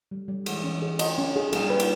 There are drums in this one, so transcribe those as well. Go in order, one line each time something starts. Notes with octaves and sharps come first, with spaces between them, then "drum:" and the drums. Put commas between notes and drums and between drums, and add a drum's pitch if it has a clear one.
G3
G3
E3 G#3 G#4, drum: cymbal
C#4
G#4
D#5, drum: cymbal
C#4
G#4
G3 A#3 G#4, drum: cymbal
B4
drum: cymbal